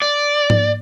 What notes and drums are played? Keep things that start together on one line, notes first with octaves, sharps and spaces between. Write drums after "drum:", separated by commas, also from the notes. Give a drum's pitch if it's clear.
D5
drum: tom G#2